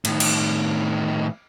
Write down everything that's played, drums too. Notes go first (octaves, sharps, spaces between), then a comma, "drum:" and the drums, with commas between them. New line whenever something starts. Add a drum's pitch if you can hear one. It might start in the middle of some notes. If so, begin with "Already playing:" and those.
A2 D#3, drum: cymbal
drum: cymbal